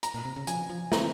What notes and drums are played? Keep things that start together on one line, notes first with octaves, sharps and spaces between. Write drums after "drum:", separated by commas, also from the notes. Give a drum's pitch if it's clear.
A#5, drum: hi-hat
A#2
C3
C#3
F3 G#5, drum: hi-hat
F3
C4 A#5, drum: snare